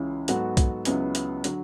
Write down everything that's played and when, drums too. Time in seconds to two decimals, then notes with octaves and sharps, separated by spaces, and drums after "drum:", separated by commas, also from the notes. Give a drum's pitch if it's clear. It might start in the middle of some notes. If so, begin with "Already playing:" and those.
Already playing: C#2 C#3 E3
0.28 G#2 F#3 B3 F#4 A4, drum: hi-hat
0.57 drum: kick, hi-hat
0.85 C#2 C#3 F#3 B3 E4, drum: hi-hat
1.15 drum: hi-hat
1.44 D3 F#3, drum: hi-hat